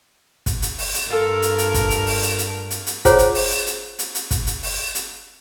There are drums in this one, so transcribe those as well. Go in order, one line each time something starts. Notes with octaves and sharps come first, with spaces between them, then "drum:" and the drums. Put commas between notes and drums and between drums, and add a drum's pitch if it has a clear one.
drum: kick, hi-hat
drum: hi-hat
drum: open hi-hat
drum: hi-hat
G2 F4 A4 A#4
drum: hi-hat
drum: hi-hat
drum: kick, hi-hat
drum: hi-hat
drum: open hi-hat
drum: hi-hat
drum: hi-hat
drum: hi-hat
drum: hi-hat
F4 G#4 C5 C#5 F#5 A#5, drum: kick, hi-hat
drum: hi-hat
drum: open hi-hat
drum: hi-hat
drum: hi-hat
drum: hi-hat
drum: hi-hat
drum: kick, hi-hat
drum: hi-hat
drum: open hi-hat
drum: hi-hat